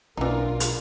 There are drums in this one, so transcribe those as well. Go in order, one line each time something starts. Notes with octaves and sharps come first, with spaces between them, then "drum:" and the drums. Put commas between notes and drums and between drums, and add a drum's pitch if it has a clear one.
B1 E3 A#3 D4 D#4 F4 A#4
drum: hi-hat